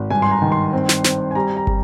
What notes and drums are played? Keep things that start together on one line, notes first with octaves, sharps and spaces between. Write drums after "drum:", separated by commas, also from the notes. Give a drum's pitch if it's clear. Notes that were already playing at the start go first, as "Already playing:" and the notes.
Already playing: G#1
G2 G#5
C6
A#5
D#3
C6
C4
drum: snare
C4, drum: snare
G#5
G3 A#5
A#5
G3, drum: kick